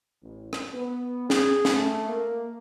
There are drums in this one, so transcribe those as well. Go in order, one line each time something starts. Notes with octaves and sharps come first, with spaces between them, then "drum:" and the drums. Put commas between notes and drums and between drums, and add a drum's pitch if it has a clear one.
A1
drum: rim click
B3
G#4, drum: snare
drum: snare
A3
A#3